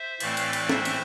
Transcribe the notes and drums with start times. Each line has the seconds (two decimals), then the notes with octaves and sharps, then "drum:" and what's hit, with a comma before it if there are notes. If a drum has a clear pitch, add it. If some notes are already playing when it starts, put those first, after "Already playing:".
Already playing: C5 E5
0.20 A2 E3 A3 C4 D5 F5, drum: cymbal
0.37 drum: cymbal
0.53 drum: cymbal
0.69 C5 E5, drum: snare
0.85 drum: cymbal